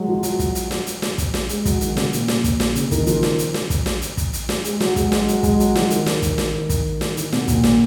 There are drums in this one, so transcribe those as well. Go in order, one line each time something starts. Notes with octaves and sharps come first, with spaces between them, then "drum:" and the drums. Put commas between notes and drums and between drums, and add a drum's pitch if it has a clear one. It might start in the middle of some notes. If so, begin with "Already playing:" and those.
Already playing: F#3 G#3
F3
F#3, drum: hi-hat
drum: kick, hi-hat
drum: hi-hat
drum: snare
drum: hi-hat
drum: snare
drum: kick, hi-hat
drum: snare
G#3, drum: hi-hat
F#3, drum: kick, hi-hat
D#3, drum: hi-hat
C#3, drum: snare
A#2, drum: hi-hat
drum: snare
drum: kick, hi-hat
drum: snare
C#3, drum: hi-hat
D#3, drum: kick, hi-hat
F3, drum: hi-hat
drum: snare
drum: hi-hat
drum: snare
drum: kick, hi-hat
drum: snare
drum: hi-hat
drum: kick, hi-hat
drum: hi-hat
drum: snare
G#3, drum: hi-hat
F#3, drum: snare
G#3, drum: kick, hi-hat
G#3, drum: snare
F#3, drum: hi-hat
G#3, drum: kick, hi-hat
F#3, drum: hi-hat
F3, drum: snare
D#3, drum: hi-hat
drum: snare
drum: kick, hi-hat
drum: snare
D#3
drum: kick, hi-hat
drum: snare
D#3, drum: hi-hat
B2, drum: snare
A#2, drum: kick, hi-hat
A#2, drum: snare